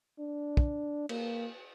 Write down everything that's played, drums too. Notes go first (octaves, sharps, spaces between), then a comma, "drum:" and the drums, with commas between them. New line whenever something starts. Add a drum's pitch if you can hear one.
D4
drum: kick
A#3, drum: cymbal